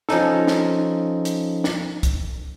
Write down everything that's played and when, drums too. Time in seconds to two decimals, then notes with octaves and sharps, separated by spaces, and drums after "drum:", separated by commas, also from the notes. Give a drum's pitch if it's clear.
0.09 F3 C#4 D#4 A4, drum: snare
0.47 drum: snare
1.25 drum: hi-hat
1.64 drum: snare
2.03 drum: kick, hi-hat